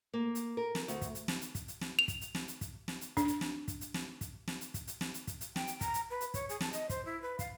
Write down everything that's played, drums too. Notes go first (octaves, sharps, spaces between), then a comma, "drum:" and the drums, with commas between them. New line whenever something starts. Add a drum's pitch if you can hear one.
A#3
drum: hi-hat
A#4
drum: snare
D2, drum: hi-hat
drum: kick, hi-hat
drum: hi-hat
drum: snare
drum: hi-hat
drum: kick, hi-hat
drum: hi-hat
drum: snare
F7
drum: kick, hi-hat
drum: hi-hat
drum: snare
drum: hi-hat
drum: kick, hi-hat
drum: snare
drum: hi-hat
D4, drum: kick, hi-hat
drum: hi-hat
drum: snare
drum: kick, hi-hat
drum: hi-hat
drum: snare
drum: kick, hi-hat
drum: snare
drum: hi-hat
drum: kick, hi-hat
drum: hi-hat
drum: snare
drum: hi-hat
drum: kick, hi-hat
drum: hi-hat
G5, drum: snare
drum: hi-hat
A#5, drum: kick, hi-hat
drum: hi-hat
B4
drum: hi-hat
C#5, drum: kick, hi-hat
G#4, drum: hi-hat
A5, drum: snare
D#5, drum: hi-hat
C5, drum: kick, hi-hat
E4
B4
F5, drum: kick, hi-hat